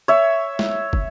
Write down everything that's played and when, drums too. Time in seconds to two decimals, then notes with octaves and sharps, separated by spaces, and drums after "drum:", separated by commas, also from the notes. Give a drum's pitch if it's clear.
0.08 C#5 E5
0.59 drum: snare
0.93 drum: kick